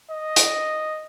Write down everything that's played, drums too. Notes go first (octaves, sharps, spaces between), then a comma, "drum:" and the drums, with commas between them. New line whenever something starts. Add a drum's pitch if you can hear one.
D#5
drum: hi-hat